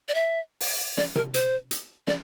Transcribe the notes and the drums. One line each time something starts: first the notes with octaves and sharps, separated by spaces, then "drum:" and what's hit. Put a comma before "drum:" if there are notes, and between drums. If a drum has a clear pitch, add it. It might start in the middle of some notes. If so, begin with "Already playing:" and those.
D5
E5
drum: open hi-hat
D5, drum: snare
A#4, drum: tom C3
C5, drum: hi-hat
drum: hi-hat
D5, drum: snare